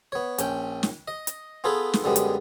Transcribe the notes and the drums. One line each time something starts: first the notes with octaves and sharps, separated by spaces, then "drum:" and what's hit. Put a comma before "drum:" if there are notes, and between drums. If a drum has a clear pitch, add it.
B3 C#5
A#1 C#4 G5, drum: hi-hat
drum: snare
D#5
drum: hi-hat
B3 F4 G#4 A4 B4
drum: snare
F#2 D3 G3 G#3 B3
drum: hi-hat